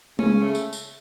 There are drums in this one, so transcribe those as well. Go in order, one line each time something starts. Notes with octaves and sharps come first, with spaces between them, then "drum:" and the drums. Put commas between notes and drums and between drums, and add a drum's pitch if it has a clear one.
C#3 C#4, drum: tom G#3
A3
drum: tambourine
drum: tambourine